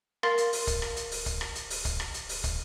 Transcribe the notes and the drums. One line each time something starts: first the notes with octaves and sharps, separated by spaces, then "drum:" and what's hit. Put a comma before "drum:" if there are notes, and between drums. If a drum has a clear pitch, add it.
A#4 F5 C6 A6, drum: rim click
drum: hi-hat
drum: open hi-hat
drum: kick, hi-hat
drum: rim click
drum: hi-hat
drum: open hi-hat
drum: kick, hi-hat
drum: rim click
drum: hi-hat
drum: open hi-hat
drum: kick, hi-hat
drum: rim click
drum: hi-hat
drum: open hi-hat
drum: kick, hi-hat